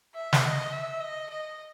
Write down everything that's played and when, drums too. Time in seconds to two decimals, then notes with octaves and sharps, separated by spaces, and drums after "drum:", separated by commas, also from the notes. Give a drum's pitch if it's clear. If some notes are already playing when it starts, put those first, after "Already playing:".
0.15 E5
0.33 drum: snare
0.42 D#5
0.72 E5
1.00 D#5
1.30 D#5